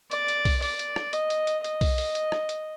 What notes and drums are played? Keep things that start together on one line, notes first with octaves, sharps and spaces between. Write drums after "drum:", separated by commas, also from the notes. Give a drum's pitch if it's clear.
D5, drum: hi-hat
drum: hi-hat
drum: kick B1, open hi-hat
D5, drum: open hi-hat
drum: hi-hat
drum: rim click
D#5, drum: hi-hat
drum: hi-hat
drum: hi-hat
D#5, drum: hi-hat
drum: kick B1, open hi-hat
drum: open hi-hat
drum: hi-hat
drum: rim click
drum: hi-hat